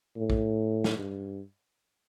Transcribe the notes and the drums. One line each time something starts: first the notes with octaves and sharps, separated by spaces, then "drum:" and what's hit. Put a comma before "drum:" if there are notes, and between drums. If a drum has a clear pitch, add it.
A2
drum: kick A#1
drum: snare
G2